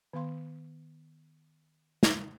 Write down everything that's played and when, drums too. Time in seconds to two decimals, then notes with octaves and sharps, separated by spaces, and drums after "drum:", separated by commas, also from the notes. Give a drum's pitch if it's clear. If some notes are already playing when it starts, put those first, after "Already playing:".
0.13 D#3 B3 F5 C6
2.03 drum: snare